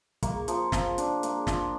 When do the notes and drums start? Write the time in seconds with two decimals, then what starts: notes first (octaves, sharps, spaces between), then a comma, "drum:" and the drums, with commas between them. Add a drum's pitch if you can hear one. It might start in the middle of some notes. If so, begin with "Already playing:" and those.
0.23 A#3 C#6, drum: kick, hi-hat
0.48 F3, drum: hi-hat
0.72 F3, drum: snare
0.98 D4, drum: hi-hat
1.23 A#3, drum: hi-hat
1.47 F3, drum: snare